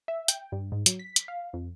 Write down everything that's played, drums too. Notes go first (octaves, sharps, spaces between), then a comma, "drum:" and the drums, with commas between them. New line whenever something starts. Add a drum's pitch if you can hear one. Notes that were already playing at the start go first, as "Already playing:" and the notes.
E5
G5, drum: hi-hat
G2
G#2
F#3, drum: hi-hat
B6
drum: hi-hat
F5
F2